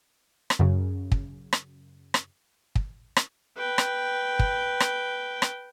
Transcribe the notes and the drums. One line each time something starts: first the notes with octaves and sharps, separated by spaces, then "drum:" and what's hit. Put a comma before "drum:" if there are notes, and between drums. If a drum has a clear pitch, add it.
drum: rim click
F#2 C#3
drum: kick
drum: rim click
drum: rim click
drum: kick
drum: rim click
B4 G5
drum: rim click
drum: kick
drum: rim click
drum: rim click